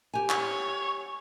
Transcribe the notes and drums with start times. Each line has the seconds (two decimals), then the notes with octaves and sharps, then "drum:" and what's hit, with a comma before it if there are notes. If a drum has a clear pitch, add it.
0.14 G4 G#5
0.30 C#5, drum: clap